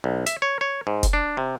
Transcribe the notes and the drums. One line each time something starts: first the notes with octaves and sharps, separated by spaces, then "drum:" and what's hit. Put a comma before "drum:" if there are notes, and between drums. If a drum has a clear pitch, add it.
B1
E5, drum: hi-hat
C#5
C#5
G#2
drum: kick F1, hi-hat
D4
C3